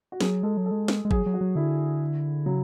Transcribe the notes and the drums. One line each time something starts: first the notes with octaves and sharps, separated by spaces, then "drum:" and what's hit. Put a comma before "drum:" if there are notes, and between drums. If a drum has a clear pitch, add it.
F#4
F#3 G#4, drum: snare
G#3 A4
F#3
A4
G#3
drum: snare
G#3
F#3 G#4, drum: kick G1
F#3
F#4
F#3
D3 E4
C#3 F#3